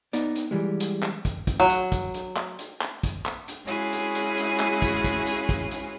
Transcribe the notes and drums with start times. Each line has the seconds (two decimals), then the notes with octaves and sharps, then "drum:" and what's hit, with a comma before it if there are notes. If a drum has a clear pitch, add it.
0.13 B3 D#4 D5, drum: hi-hat
0.36 drum: hi-hat
0.51 E3 G3 G#3
0.80 drum: hi-hat
1.03 drum: clap
1.25 drum: kick, hi-hat
1.47 drum: kick, hi-hat
1.60 F#3
1.70 drum: hi-hat
1.92 drum: kick, hi-hat
2.14 drum: hi-hat
2.37 drum: clap
2.59 drum: hi-hat
2.81 drum: clap
3.03 drum: kick, hi-hat
3.26 drum: clap
3.48 drum: hi-hat
3.65 G#3 C#4 E4 F#4 G#4 F5
3.93 drum: hi-hat
4.15 drum: hi-hat
4.37 drum: hi-hat
4.60 drum: clap
4.82 drum: kick, hi-hat
5.04 drum: kick, hi-hat
5.27 drum: hi-hat
5.49 drum: kick, hi-hat
5.71 drum: hi-hat